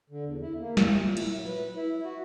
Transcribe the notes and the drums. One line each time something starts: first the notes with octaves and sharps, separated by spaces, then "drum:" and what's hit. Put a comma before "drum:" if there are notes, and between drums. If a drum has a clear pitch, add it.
D3
E2
E4
A#3
E4, drum: snare
A#2
E4, drum: cymbal
F#3
B4
E4
F#4